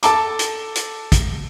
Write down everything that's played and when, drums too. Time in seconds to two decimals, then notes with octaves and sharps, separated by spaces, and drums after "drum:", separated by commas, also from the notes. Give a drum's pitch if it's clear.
0.03 A4 A5 D6, drum: hi-hat
0.39 drum: hi-hat
0.75 drum: hi-hat
1.12 drum: kick, hi-hat